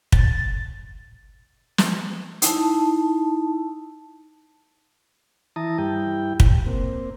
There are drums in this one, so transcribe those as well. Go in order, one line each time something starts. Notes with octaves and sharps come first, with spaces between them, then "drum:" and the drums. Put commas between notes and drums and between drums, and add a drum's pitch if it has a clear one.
A6, drum: kick
drum: snare
D#4 E4 A5, drum: hi-hat
E3 E4 A5 A#5 D#6
G2 G3 E4 G5
drum: kick
A#3 C4